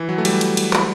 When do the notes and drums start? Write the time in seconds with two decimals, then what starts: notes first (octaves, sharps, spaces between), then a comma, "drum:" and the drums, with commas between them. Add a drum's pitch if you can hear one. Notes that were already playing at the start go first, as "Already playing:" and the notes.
Already playing: E3
0.09 F#3
0.18 A3
0.25 G3, drum: cymbal
0.41 drum: cymbal
0.57 drum: cymbal
0.73 drum: clap